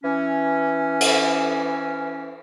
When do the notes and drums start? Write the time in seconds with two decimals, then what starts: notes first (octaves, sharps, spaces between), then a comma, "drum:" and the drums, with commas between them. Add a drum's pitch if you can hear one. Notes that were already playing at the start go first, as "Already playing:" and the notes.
0.04 E3 C#4
1.01 drum: cymbal